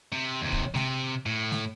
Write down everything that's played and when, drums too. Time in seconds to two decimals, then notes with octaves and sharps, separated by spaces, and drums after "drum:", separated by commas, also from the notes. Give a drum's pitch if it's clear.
0.13 C3
0.41 D#2 C3
0.52 drum: kick
0.75 C3, drum: snare G#3
1.26 A2
1.51 drum: snare G#3